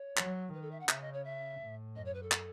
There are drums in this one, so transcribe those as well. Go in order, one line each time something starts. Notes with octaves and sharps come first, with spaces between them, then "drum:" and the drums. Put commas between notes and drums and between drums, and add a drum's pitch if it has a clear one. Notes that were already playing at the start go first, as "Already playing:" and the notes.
Already playing: C#5
F#3, drum: clap
D#3 B4
A4
E5
F#5
C#3 E5, drum: clap
D#5
C#5
E5
A2
F#2 D#5
C#5
B4
A4
drum: clap